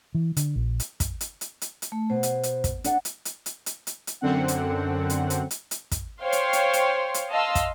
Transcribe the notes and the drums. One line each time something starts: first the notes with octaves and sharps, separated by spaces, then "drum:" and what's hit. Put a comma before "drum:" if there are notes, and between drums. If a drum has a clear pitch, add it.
E3
D3, drum: hi-hat
A#1
drum: hi-hat
drum: kick, hi-hat
drum: hi-hat
drum: hi-hat
drum: hi-hat
drum: hi-hat
A3
B2 C5
drum: hi-hat
drum: hi-hat
drum: kick, hi-hat
D4 D5 F#5, drum: hi-hat
drum: hi-hat
drum: hi-hat
drum: hi-hat
drum: hi-hat
drum: hi-hat
drum: hi-hat
F#2 D3 C4 F#5
drum: hi-hat
drum: hi-hat
drum: hi-hat
drum: hi-hat
drum: hi-hat
drum: kick, hi-hat
C5 C#5 F5 G5 C6
drum: hi-hat
drum: hi-hat
drum: hi-hat
drum: hi-hat
D#5 F5 A5 C6 E6
drum: kick, hi-hat